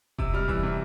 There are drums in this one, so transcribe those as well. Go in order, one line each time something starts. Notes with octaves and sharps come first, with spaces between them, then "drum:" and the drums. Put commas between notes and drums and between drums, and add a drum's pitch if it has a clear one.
C3 E6, drum: kick E1
G3 F6
E3 E6, drum: kick E1
C3